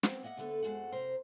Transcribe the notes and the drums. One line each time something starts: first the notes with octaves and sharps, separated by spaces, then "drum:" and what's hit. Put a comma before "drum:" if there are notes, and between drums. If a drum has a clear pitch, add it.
F3 B3 C4, drum: snare
A#3 D#5 E5 F#5
D2 D3 B3 A4 B4
F2 C3 G#3 F#4 A4 F#5
F2 C3 A#4 C5